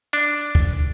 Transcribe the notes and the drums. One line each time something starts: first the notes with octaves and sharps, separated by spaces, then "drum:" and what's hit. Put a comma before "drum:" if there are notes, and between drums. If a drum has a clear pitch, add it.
D4, drum: tambourine
drum: tambourine
drum: tambourine
drum: kick, tambourine
drum: tambourine